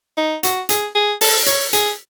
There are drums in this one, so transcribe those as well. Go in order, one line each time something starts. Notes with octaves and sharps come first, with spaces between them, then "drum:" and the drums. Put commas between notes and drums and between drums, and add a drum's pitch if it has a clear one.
D#4
F#4, drum: hi-hat
G#4, drum: hi-hat
G#4
A4, drum: open hi-hat
C#5, drum: hi-hat
G#4, drum: hi-hat